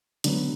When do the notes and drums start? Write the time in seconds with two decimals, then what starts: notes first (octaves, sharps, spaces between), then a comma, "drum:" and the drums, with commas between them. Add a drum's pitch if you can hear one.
0.24 D3 F#3 B3 D4 F#4, drum: hi-hat